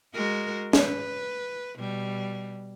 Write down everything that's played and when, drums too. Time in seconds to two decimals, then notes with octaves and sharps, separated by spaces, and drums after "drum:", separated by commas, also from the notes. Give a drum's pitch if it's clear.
0.14 G#3 F#4 A#4
0.73 B4, drum: snare
1.79 B2 G3